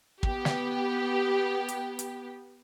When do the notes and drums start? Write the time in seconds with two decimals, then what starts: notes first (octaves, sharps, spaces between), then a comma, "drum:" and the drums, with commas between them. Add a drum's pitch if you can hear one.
0.23 B3 G4, drum: kick
0.45 drum: snare
1.68 drum: hi-hat
1.99 drum: hi-hat